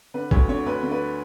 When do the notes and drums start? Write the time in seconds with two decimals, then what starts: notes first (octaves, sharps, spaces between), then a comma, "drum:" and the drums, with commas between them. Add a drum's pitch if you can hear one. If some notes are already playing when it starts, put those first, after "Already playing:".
0.14 D3 B4
0.31 D2 C#5, drum: kick
0.48 D3 C#5
0.66 D2 B4
0.83 D3
0.92 B4